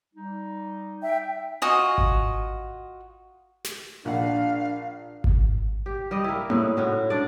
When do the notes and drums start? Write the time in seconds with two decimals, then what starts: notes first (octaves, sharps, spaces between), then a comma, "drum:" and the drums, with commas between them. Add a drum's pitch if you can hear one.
0.14 G3 D#4
1.02 E5 G5
1.62 F4 F#4 D#5 G#5
1.98 drum: kick G#1
3.64 drum: snare
4.05 A#1 D4 F5 F#5
5.24 drum: kick G#1
5.86 G4
6.11 G3 G4 D#5
6.24 A#3 E4
6.50 A2 G#3, drum: tom A#3
6.77 A2 C#4 F#4
7.10 D4 D5